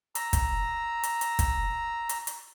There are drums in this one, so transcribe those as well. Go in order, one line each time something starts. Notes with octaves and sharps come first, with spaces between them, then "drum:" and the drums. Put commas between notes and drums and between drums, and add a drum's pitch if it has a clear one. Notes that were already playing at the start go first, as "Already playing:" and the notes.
A#5 E6, drum: hi-hat
drum: kick, hi-hat
drum: hi-hat
drum: hi-hat
drum: kick, hi-hat
drum: hi-hat
drum: hi-hat